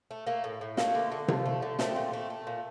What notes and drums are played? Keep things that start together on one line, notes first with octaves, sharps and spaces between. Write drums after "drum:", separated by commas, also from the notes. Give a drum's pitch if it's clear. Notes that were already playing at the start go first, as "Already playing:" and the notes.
A3
A3 A#3
A2
A2
A3 A#3, drum: snare
D3
D3
F3, drum: tom C3
A3
D3
A#2 A3 C4, drum: snare
A#2
A3
A3
A#2